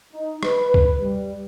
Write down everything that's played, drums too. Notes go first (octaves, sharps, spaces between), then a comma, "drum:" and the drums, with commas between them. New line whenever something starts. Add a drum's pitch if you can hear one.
D#4
B4, drum: rim click
drum: kick C#2
G3